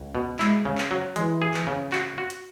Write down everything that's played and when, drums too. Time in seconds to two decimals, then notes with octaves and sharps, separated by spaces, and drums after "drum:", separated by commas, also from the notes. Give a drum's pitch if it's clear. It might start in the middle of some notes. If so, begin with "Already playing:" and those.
Already playing: C#2
0.15 B2
0.39 G#3 E4, drum: clap
0.65 C#3
0.78 drum: clap
0.91 F#3
1.16 E3 G#3, drum: hi-hat
1.42 G#4
1.54 drum: clap
1.67 C#3
1.92 F#4, drum: clap
2.18 F#4
2.30 drum: hi-hat